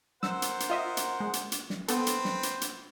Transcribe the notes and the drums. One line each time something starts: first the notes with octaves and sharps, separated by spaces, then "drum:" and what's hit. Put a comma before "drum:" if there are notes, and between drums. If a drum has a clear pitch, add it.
A#4 C5 F#5 E6, drum: snare
drum: hi-hat
drum: hi-hat
F4 D#5 E5
drum: hi-hat
G#3
drum: hi-hat
drum: hi-hat
drum: snare
B3 C4 A4 B4 C5, drum: hi-hat
drum: hi-hat
drum: snare
drum: hi-hat
drum: hi-hat